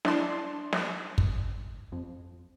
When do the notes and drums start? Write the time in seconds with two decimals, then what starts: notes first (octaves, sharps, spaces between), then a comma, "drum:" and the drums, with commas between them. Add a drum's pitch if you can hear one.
0.05 D4 E4 D5 A5 C6, drum: snare
0.73 drum: snare
1.18 drum: kick
1.92 F2